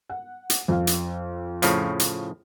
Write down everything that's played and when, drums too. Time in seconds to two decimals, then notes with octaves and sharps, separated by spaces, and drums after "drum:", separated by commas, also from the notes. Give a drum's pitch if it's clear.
0.10 F#5
0.50 drum: hi-hat
0.68 F2 F5
0.87 drum: hi-hat
1.62 A2 C#3 F3, drum: hi-hat
2.00 drum: hi-hat